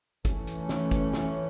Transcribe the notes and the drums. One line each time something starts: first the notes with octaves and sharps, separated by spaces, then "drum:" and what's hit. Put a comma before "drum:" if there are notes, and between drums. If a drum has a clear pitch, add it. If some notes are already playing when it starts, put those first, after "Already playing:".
E3 A3 C#4, drum: kick G1, hi-hat
drum: hi-hat
drum: snare
drum: kick G1, hi-hat
drum: snare